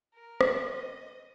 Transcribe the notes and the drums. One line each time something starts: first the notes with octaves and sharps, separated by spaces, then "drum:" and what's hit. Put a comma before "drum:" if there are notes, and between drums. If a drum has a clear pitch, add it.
A#4
drum: rim click
D#5